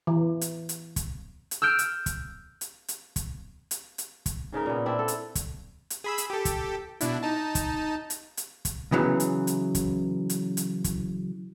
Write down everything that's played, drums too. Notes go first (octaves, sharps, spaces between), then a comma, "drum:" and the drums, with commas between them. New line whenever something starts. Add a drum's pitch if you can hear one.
E3
drum: hi-hat
drum: hi-hat
drum: kick, hi-hat
drum: hi-hat
E6 F6 G6 D7
drum: hi-hat
drum: kick, hi-hat
drum: hi-hat
drum: hi-hat
drum: kick, hi-hat
drum: hi-hat
drum: hi-hat
drum: kick, hi-hat
G#2 C#3 D#4 A#4
A#2 B3
C4 D4 E4
A4
drum: hi-hat
drum: kick, hi-hat
drum: hi-hat
G#4 B5 E6
drum: hi-hat
G4 A4
drum: kick, hi-hat
B2 D4 E4, drum: hi-hat
D#4 A5
drum: kick, hi-hat
drum: hi-hat
drum: hi-hat
drum: kick, hi-hat
C#3 E3 F#3 B3
drum: hi-hat
drum: hi-hat
drum: kick, hi-hat
drum: hi-hat
drum: hi-hat
drum: kick, hi-hat